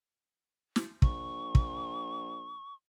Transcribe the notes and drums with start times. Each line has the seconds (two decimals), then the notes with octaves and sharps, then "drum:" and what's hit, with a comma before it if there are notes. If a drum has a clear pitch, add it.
0.76 drum: snare
1.02 A#1 C#6, drum: kick
1.55 drum: kick